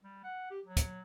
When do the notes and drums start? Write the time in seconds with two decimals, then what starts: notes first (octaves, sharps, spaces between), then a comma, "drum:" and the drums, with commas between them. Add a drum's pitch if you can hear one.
0.03 G3
0.24 F#5
0.50 G4
0.65 F#3
0.77 drum: kick, hi-hat